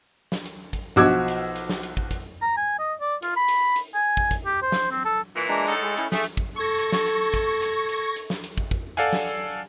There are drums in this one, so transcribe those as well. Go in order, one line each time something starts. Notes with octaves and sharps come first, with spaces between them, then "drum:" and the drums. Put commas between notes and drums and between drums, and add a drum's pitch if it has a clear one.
drum: snare
drum: hi-hat
drum: kick, hi-hat
B1 F3 F#4 D6 E6 G#6
drum: hi-hat
drum: hi-hat
drum: snare
drum: hi-hat
drum: kick
drum: kick, hi-hat
A#5
G#5
D#5
D5
F4, drum: hi-hat
B5
drum: hi-hat
drum: hi-hat
G#5
drum: kick
drum: kick, hi-hat
G4
C5
drum: snare
C4
A4
A#2 E3
G#3 D4 A#5
A2 D#4 A4, drum: hi-hat
G#3
C#4 E4, drum: hi-hat
A3 G#4, drum: snare
drum: hi-hat
drum: kick
A4 C#6 G#6 A#6
drum: hi-hat
drum: snare
drum: hi-hat
drum: kick, hi-hat
drum: hi-hat
drum: hi-hat
drum: hi-hat
drum: snare
drum: hi-hat
drum: kick
drum: kick
A4 D5 F5 F#5 G#5, drum: hi-hat
drum: snare
drum: hi-hat